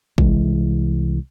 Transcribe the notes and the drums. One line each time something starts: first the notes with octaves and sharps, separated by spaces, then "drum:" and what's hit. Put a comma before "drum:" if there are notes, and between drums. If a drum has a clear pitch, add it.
C2 E3 G#3, drum: kick